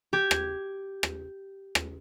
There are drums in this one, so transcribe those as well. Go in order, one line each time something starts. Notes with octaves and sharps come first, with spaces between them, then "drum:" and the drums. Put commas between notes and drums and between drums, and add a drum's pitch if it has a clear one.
G4 G#6
drum: rim click
drum: rim click
drum: rim click